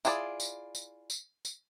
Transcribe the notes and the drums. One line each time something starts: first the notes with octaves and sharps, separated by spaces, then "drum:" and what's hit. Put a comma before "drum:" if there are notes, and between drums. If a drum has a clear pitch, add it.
E4 F4 G#4 B4 D5, drum: tambourine
drum: tambourine
drum: tambourine
drum: tambourine
drum: tambourine